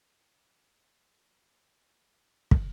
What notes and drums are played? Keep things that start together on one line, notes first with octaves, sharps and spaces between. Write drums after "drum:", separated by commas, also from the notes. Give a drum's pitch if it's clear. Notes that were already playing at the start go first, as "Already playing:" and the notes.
Already playing: G2 D3 G3 B3
F5
E5
F5
F5
E5
drum: kick